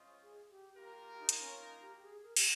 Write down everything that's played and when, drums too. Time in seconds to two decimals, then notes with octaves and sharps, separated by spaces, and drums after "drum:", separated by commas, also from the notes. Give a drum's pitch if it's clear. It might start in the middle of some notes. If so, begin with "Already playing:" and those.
Already playing: G#3 C#4 F4 C5 D#5
0.22 G#4
0.50 G4
0.77 A#3 F4 G4 A#4
0.98 G4
1.19 D#4
1.29 drum: hi-hat
1.40 C#4
1.60 D#4
1.81 G4
1.97 G4
2.02 G#4
2.23 A#4
2.36 G4, drum: cymbal